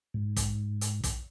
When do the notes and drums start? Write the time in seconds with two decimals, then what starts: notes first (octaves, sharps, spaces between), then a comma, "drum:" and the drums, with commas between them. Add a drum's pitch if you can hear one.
0.14 G#2
0.37 drum: kick, hi-hat
0.81 drum: hi-hat
1.04 drum: kick, hi-hat